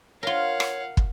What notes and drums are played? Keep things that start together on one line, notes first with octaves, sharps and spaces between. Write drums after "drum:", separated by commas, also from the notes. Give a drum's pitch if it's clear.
F4 A#4 C#5 F5 F#5
drum: rim click
drum: kick